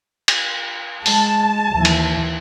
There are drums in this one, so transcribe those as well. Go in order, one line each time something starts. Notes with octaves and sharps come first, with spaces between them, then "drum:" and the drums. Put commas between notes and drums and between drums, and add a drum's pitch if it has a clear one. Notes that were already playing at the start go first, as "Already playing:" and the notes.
drum: cymbal
G#3 A5, drum: open hi-hat
D#2 E3
drum: cymbal